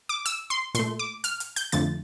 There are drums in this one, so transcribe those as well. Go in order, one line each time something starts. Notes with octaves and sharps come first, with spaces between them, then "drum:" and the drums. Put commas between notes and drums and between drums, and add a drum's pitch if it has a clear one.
D6
E6, drum: hi-hat
C6
A#2 A3 C6, drum: hi-hat
D6
F6, drum: hi-hat
drum: hi-hat
G6, drum: hi-hat
F2 D3 F3 A3 A6, drum: hi-hat